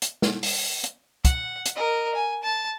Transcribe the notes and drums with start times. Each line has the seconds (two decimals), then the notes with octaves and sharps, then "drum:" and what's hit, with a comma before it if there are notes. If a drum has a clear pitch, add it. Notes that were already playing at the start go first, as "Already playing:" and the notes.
0.02 drum: hi-hat
0.22 drum: snare
0.43 drum: open hi-hat
0.84 drum: hi-hat
1.25 F#5, drum: kick, hi-hat
1.66 drum: hi-hat
1.75 A#4 D#5
2.15 G#5
2.43 A5